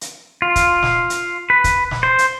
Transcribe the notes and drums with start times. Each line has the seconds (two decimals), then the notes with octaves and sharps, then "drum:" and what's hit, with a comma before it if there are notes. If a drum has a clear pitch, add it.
0.01 drum: hi-hat
0.42 F4
0.56 drum: kick, hi-hat
0.83 drum: snare
1.10 drum: hi-hat
1.50 B4
1.64 drum: kick, hi-hat
1.91 drum: snare
2.03 C5
2.18 drum: hi-hat